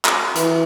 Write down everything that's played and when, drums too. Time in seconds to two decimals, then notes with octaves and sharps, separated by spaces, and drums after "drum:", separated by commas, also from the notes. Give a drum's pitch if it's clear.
0.05 drum: clap
0.35 E3, drum: hi-hat